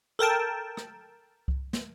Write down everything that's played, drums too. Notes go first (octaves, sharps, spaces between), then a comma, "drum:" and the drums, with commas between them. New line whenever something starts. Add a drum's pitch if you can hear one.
A4 A#4 G5 A5
drum: rim click
drum: kick C2
drum: snare